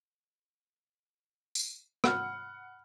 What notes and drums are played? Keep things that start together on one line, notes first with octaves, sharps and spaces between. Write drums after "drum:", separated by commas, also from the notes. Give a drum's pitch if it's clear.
drum: tambourine
F#5 B5 F6, drum: rim click